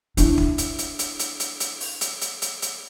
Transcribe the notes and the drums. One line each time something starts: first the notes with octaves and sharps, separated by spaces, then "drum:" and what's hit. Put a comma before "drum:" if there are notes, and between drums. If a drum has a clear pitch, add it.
D4 E4, drum: hi-hat
drum: kick
drum: hi-hat
drum: hi-hat
drum: hi-hat
drum: hi-hat
drum: hi-hat
drum: hi-hat
drum: open hi-hat
drum: hi-hat
drum: hi-hat
drum: hi-hat
drum: hi-hat